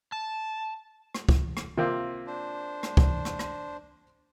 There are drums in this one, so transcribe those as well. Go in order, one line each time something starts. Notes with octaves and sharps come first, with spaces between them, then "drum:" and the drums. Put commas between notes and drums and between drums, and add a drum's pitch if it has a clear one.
A5
drum: rim click
drum: kick
drum: rim click
C3 A#3 C4 F4
D4 C5
drum: rim click
drum: kick
drum: rim click
drum: rim click